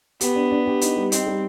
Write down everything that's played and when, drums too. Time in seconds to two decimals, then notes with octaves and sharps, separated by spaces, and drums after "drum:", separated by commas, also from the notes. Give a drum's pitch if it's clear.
0.21 B3 G4, drum: hi-hat
0.35 D4
0.51 D4
0.67 G4
0.81 D#4, drum: hi-hat
0.96 G3
1.12 C4 D#4, drum: hi-hat
1.27 G3